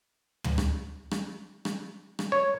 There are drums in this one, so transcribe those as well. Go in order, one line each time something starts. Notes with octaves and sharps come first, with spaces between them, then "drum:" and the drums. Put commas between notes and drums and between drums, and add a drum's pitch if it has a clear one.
drum: tom
drum: rim click
drum: rim click
drum: rim click
drum: rim click
C#5